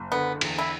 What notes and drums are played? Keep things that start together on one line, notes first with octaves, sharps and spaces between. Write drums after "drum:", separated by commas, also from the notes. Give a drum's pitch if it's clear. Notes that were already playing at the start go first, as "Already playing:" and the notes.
Already playing: F#1
D3 B3
E2, drum: cymbal
E4